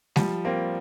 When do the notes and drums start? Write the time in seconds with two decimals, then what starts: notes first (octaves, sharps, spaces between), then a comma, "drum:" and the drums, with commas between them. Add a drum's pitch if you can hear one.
0.16 F3 G3, drum: snare G#3
0.45 A#3 C4